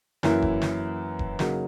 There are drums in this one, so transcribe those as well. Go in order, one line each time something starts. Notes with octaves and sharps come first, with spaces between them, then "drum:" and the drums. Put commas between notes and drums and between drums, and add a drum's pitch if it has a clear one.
F#2 E3 A#3 E4, drum: snare
drum: kick E1
drum: snare
drum: kick E1
C#3 F#3 A#3 D#4, drum: snare